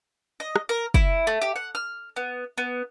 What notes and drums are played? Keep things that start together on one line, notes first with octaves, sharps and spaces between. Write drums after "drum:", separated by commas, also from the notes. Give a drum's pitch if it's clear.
D#5
drum: rim click
A#4
E4, drum: kick
A3
G4
F#5
F6
B3
B3